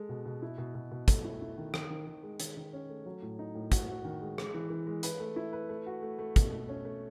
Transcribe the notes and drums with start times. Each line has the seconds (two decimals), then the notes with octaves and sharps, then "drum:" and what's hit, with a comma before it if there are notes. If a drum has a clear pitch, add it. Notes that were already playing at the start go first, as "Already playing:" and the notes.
Already playing: G#3 A4
0.09 B2
0.26 B2
0.42 E4
0.58 B2
0.75 B2
0.91 B2
1.08 A3, drum: kick, hi-hat
1.25 E4
1.42 E4
1.58 D#3
1.74 D#3, drum: rim click
1.90 D#3
2.07 D#3
2.23 G#3
2.40 D#3, drum: hi-hat
2.57 D#3
2.73 C#4
2.89 A3
3.06 F#3
3.22 A2
3.39 D#4
3.55 A2
3.72 F#4, drum: kick, hi-hat
3.89 F#4
4.05 D#3
4.22 G#3
4.38 G#3, drum: rim click
4.54 E3
4.70 E3
4.87 G#3
5.03 B4, drum: hi-hat
5.20 A3
5.36 E4
5.53 B4
5.69 A3
5.86 F#4
6.02 A3
6.19 A3
6.36 B2, drum: kick, hi-hat
6.52 A3
6.69 C#4
6.85 A3